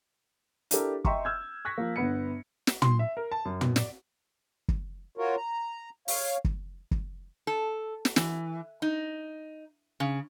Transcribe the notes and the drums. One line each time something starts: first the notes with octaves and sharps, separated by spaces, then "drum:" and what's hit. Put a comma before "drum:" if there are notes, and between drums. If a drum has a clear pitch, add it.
D4 E4 G4 A4 A#4, drum: hi-hat
D#5 E5 G5 A#5 C6 C#6, drum: kick
E6 F6 G6 G#6
C#6 F#6 G#6 A#6 B6
F3 A#3
G1 B3 B5 C#7
drum: snare
C6, drum: tom
E5
A#4
A5
F#2
B2, drum: tom
D5, drum: snare
drum: kick
F4 F#4 A#4 C#5
A#5
C#5 F5, drum: open hi-hat
drum: kick
drum: kick
A4
drum: snare
E3, drum: snare
D#4
C#3